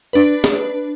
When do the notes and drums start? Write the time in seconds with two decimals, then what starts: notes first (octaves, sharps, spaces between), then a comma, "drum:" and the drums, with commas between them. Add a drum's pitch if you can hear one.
0.13 D4 B4
0.44 drum: snare